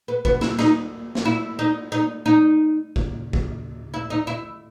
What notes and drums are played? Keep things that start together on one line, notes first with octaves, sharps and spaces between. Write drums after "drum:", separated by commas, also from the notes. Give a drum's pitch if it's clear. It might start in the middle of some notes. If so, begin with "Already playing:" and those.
B3
B3, drum: kick
E4, drum: snare
D#4, drum: snare
drum: snare
E4
D#4
D#4
D#4
drum: kick
drum: kick
E4
D#4
E4